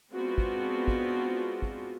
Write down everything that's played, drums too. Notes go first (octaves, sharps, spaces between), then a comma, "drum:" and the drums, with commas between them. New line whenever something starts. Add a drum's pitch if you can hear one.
G#3 B3 C4 D4 F4 F#4
drum: kick
drum: kick
drum: kick